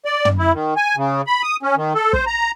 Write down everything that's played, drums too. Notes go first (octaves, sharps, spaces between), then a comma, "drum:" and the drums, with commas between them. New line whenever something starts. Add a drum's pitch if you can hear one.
D5
drum: tom
E4
D#3
G#5
C#3
B5
D#6
C#4
D#3
A4
C5, drum: kick
A#5